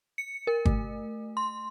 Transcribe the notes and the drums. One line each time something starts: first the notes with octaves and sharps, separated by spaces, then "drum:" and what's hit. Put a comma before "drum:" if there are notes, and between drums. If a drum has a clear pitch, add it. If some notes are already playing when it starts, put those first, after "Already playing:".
C#7
A#4
A3, drum: kick
C6